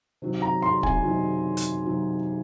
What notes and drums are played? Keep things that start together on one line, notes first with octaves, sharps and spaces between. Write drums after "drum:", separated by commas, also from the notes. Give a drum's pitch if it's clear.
C3 D#3 F#3
A#5
C6
G#5, drum: kick
C3 D#3 F#3
drum: hi-hat
C3 D#3 F#3